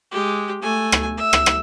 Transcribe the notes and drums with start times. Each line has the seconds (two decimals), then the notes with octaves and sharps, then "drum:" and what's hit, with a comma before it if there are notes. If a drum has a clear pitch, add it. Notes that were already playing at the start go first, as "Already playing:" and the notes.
0.11 G#3 G4
0.62 A3 G#5
0.92 drum: rim click
1.17 E5
1.33 drum: rim click
1.46 drum: rim click